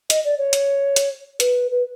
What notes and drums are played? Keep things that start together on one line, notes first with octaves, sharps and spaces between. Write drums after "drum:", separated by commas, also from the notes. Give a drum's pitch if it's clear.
D#5, drum: hi-hat
D5
C#5
drum: hi-hat
drum: hi-hat
B4, drum: hi-hat
B4